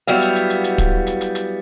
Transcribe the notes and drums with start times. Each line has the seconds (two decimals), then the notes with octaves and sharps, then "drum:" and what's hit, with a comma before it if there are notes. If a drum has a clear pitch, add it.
0.07 F#3 G3 B3 E4 F5
0.22 drum: hi-hat
0.36 drum: hi-hat
0.50 drum: hi-hat
0.64 drum: hi-hat
0.78 drum: kick, hi-hat
1.07 drum: hi-hat
1.21 drum: hi-hat
1.35 drum: hi-hat